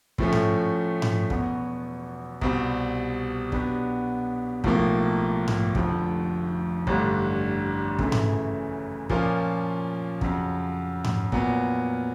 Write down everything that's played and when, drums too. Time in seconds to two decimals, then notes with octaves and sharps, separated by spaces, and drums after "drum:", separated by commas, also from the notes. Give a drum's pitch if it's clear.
0.18 A2 F3 A3 C#4, drum: kick
0.32 drum: tom G#2
1.02 drum: tom G#2
1.30 E2 B2 F#3 B3, drum: kick
2.41 C2 B2 G3 C4, drum: kick
3.52 B2 F#3 B3 D4 G4, drum: kick
4.64 B1 A2 F3 A#3, drum: kick
5.48 drum: tom G#2
5.75 F1 F2 D3 F3, drum: kick
6.87 A1 G2 D3, drum: kick
7.99 F#2 C#3 E3 A3, drum: kick
8.12 drum: tom G#2
9.10 A#2 F3 A#3 C#4 F4, drum: kick
10.21 F2 C#3 F#3, drum: kick
11.04 drum: tom G#2
11.32 A#2 F#3 B3, drum: kick